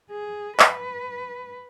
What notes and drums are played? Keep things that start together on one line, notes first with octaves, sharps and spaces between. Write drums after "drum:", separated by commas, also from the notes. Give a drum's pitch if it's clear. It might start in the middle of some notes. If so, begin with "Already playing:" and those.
G#4
B4, drum: clap